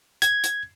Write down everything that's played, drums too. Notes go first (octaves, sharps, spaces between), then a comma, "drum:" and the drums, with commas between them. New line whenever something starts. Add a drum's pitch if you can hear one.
G#6, drum: hi-hat
drum: hi-hat